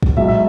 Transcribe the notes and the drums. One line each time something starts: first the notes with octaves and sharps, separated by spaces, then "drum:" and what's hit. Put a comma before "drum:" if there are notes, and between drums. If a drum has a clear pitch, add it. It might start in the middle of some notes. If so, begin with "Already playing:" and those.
drum: kick
B1 B2 G#3 E5, drum: tom A2
E5